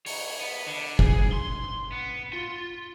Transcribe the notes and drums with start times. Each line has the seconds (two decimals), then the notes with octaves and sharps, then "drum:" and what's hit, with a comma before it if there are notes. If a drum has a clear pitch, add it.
0.06 C#5, drum: open hi-hat
0.41 B3
0.67 D3
0.99 G#4, drum: kick F#1
1.33 C6
1.92 B3
2.33 F4